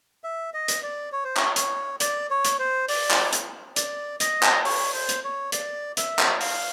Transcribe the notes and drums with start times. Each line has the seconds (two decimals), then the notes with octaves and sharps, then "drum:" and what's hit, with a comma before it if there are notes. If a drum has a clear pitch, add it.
0.24 E5
0.54 D#5
0.68 drum: hi-hat
0.83 D5
1.12 C#5
1.24 C5
1.37 C#5, drum: clap
1.56 C#5, drum: hi-hat
2.00 D5, drum: hi-hat
2.30 C#5
2.45 drum: hi-hat
2.59 C5
2.88 D5, drum: open hi-hat
3.11 drum: clap
3.33 drum: hi-hat
3.76 D5, drum: hi-hat
4.20 D#5, drum: hi-hat
4.43 drum: clap
4.65 C#5, drum: open hi-hat
4.94 C5
5.09 drum: hi-hat
5.24 C#5
5.52 D5, drum: hi-hat
5.97 E5, drum: hi-hat
6.19 drum: clap
6.41 F5, drum: open hi-hat